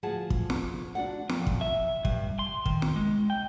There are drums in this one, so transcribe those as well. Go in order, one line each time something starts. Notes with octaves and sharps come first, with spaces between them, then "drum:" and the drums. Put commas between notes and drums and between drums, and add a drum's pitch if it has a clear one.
D2 F3 F#4 G#4 F#5 A5
drum: kick
drum: snare
D4 F#4 D5 F#5
F2, drum: snare
drum: kick
E5
G2, drum: kick
C6
D#3, drum: kick
drum: snare
G#3
G5